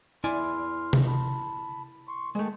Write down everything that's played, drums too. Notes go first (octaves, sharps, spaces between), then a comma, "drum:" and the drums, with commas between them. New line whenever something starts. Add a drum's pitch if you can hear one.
E2 E4 D5 G#5 C6 F6
drum: tom C3
A5 B5
C6 C#6
D#3 G#3 A3